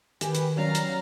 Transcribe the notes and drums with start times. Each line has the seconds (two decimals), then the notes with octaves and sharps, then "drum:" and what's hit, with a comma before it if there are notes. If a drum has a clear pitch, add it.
0.21 D#3 G4 B4 G#5, drum: hi-hat
0.35 drum: hi-hat
0.57 F#3 C#4 D5 F5 A#5
0.75 drum: hi-hat